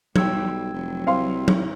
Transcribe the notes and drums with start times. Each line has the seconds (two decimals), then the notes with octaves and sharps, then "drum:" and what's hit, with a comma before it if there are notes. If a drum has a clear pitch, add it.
0.16 B1 G3 G5 E6 G#6, drum: tom F#3
0.74 F1 F#3
1.07 C2 C4 F5 C6
1.48 drum: tom F#3